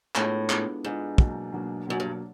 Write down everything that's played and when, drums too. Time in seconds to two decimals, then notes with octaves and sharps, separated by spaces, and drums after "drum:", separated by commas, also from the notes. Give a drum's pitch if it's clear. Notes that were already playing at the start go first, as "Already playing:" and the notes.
0.16 A2 G#3 B3 D4 F4 G#4, drum: clap
0.50 G#3 B3 D4 F4 G#4, drum: clap
0.84 G#2 G#3 B3 D4 F4 G#4
1.18 B2 F#3 A#3 D4, drum: kick
1.53 B2 F#3 A#3 D4
1.87 F#2 B2 F#3 A#3 D4
2.00 G2